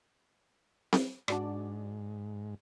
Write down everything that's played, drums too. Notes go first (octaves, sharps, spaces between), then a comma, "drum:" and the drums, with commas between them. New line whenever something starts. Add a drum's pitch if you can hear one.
drum: snare C4
G#2 D4 F#4 D5, drum: rim click